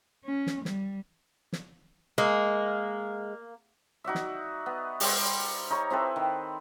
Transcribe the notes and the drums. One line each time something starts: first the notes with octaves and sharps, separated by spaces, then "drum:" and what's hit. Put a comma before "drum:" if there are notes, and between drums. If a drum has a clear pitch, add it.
C#4
drum: snare
G3, drum: snare
drum: snare
G#3 A#3
D#4 F#4 D5 E5
drum: snare
B3
G3 C5, drum: open hi-hat
D#4 C#5 A#5 C#6
C4 E4 A4 B4
D#3